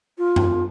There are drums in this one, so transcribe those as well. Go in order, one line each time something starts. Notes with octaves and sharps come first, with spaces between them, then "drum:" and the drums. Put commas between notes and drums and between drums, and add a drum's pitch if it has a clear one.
F4
drum: tom